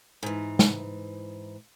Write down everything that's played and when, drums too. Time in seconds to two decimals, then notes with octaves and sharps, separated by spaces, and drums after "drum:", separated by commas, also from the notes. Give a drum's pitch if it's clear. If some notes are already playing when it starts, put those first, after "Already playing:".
0.23 G#2 E3
0.59 drum: snare